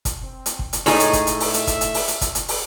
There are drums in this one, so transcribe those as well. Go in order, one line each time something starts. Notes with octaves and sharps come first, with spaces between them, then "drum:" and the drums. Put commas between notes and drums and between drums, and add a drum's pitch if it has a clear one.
drum: kick, hi-hat
C4
drum: hi-hat
drum: kick
drum: hi-hat
A2 G#3 D#4 G#4 C#5 B5, drum: open hi-hat
drum: hi-hat
drum: kick, hi-hat
E5, drum: hi-hat
drum: open hi-hat
drum: hi-hat
drum: kick, hi-hat
drum: hi-hat
drum: open hi-hat
drum: hi-hat
drum: kick, hi-hat
drum: hi-hat
drum: open hi-hat